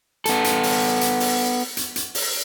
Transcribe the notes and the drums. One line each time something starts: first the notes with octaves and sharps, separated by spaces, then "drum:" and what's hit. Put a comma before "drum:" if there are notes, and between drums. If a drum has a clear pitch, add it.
B3 A4, drum: hi-hat
drum: hi-hat
drum: open hi-hat
drum: hi-hat
drum: open hi-hat
drum: hi-hat
drum: hi-hat
drum: open hi-hat